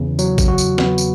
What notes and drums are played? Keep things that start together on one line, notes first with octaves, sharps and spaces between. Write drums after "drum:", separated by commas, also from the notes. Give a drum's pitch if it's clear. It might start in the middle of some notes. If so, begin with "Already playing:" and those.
Already playing: E2 C#3
F#3, drum: tambourine
drum: kick A1, tambourine
F#4
drum: tambourine
B3, drum: snare
drum: tambourine